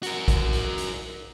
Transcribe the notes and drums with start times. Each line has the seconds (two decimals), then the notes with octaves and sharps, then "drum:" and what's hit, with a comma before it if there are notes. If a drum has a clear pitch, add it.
0.03 F#4 A#4, drum: hi-hat
0.28 drum: kick, hi-hat
0.53 drum: hi-hat
0.78 drum: hi-hat